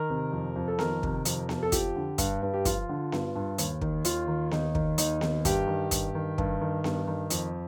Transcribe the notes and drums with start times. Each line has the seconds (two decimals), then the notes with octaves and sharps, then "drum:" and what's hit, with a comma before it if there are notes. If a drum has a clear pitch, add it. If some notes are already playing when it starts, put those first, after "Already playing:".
Already playing: D#3 A#4
0.10 C3
0.32 F2
0.56 F2
0.68 A4
0.79 D#3 A#4, drum: snare B3
1.03 C3, drum: kick
1.25 F2, drum: hi-hat
1.49 F2, drum: snare B3
1.63 A4
1.72 F3 G4, drum: kick, hi-hat
1.96 D3
2.18 G2, drum: kick, hi-hat
2.43 G2
2.54 G4
2.65 F3 F4, drum: kick, hi-hat
2.89 D3
3.12 G2, drum: snare B3
3.35 G2
3.58 D#2, drum: hi-hat
3.81 D#3, drum: kick
4.05 D#2 F4, drum: hi-hat
4.28 D#3
4.51 D#2 D#4, drum: snare B3
4.75 D#3, drum: kick
4.98 D#2 D#4, drum: hi-hat
5.21 D#3, drum: snare B3
5.45 G2 G4, drum: kick, hi-hat
5.67 D#3
5.91 G2, drum: kick, hi-hat
6.15 D#3
6.38 G2, drum: kick
6.61 D#3
6.84 G2, drum: snare B3
7.07 D#3
7.30 F2, drum: hi-hat